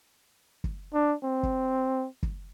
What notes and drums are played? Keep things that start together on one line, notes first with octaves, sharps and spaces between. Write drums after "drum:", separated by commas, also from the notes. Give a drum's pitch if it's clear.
drum: kick
D4
C4
drum: kick
drum: kick